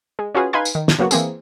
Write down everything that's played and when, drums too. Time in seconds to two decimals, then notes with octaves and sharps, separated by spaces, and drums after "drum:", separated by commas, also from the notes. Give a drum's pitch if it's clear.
0.19 G#3
0.35 C#4 F4 F#4 G#4 B4
0.53 D#4 B4 F5 G#5 C6 G#6
0.65 drum: tambourine
0.75 D#3
0.88 drum: snare
0.98 C#3 F#3 A#3 B3 F#4
1.11 E3 A#3 C4 G#4, drum: tambourine